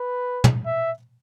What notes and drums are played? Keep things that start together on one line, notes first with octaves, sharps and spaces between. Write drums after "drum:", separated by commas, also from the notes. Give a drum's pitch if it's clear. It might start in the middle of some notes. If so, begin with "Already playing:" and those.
Already playing: B4
drum: tom
E5